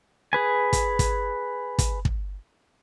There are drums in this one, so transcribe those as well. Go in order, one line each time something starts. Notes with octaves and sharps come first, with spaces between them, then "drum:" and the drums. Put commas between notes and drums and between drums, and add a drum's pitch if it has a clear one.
G#4 B4 G#5
drum: kick, hi-hat
drum: kick, hi-hat
drum: kick, hi-hat
drum: kick